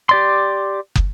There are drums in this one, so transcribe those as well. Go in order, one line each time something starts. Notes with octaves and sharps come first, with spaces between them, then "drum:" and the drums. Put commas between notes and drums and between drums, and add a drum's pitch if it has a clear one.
G4 D5 C6
drum: kick